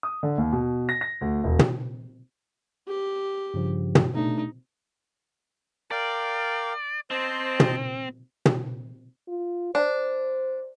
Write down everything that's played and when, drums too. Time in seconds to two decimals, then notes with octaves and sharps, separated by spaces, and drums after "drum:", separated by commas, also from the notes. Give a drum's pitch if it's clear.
0.03 D#6
0.23 D3
0.38 D#2
0.52 B2
0.89 A#6
1.01 A#6
1.21 D2
1.44 E1
1.59 drum: tom
2.88 G4
3.54 G2 C#3 F3
3.95 drum: tom
4.14 B2 A3 D4 D#4
5.91 A#4 D5 F5 G5
7.11 C4 C5 D#5 A5
7.60 drum: tom
8.45 drum: tom
9.28 F4
9.75 D4 C5